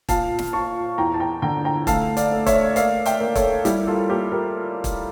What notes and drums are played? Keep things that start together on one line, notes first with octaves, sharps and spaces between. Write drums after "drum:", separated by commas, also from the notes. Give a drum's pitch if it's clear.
A#2 F5 A5, drum: kick, hi-hat
drum: snare
A#2 A5 C#6
E2 G5 A#5
A5
G5 A#5
D3 G5 A#5
G5 A#5
A3 F5 A5, drum: kick, hi-hat
D5 F5, drum: hi-hat
A3
C#5 E5, drum: kick, hi-hat
A#3 D5 F5, drum: hi-hat
E5 G5, drum: hi-hat
A#3
A4 C#5, drum: kick, hi-hat
G3 E4 G4, drum: hi-hat
F4 A4
A#3 G4 A#4
G4 A#4
drum: kick, hi-hat